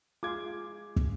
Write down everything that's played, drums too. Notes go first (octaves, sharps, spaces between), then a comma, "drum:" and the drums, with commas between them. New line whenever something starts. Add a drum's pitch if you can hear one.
G#3 F4 D6 G#6
drum: kick